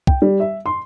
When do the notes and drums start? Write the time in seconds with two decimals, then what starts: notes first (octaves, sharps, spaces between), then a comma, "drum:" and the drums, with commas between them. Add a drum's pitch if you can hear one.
0.07 G5, drum: kick C2
0.22 G3
0.40 E5
0.66 C6